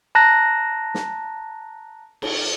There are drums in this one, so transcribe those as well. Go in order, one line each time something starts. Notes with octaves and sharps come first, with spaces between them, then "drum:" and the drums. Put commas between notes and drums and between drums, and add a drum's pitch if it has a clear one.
A5 A#5 F#6 A#6
drum: snare
drum: cymbal